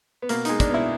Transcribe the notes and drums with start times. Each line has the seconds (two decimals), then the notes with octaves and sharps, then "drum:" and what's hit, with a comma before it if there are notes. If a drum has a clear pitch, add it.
0.22 B3
0.29 B2 A#3, drum: hi-hat
0.45 G#3 D#4, drum: hi-hat
0.60 D4, drum: kick, hi-hat
0.70 B2 E4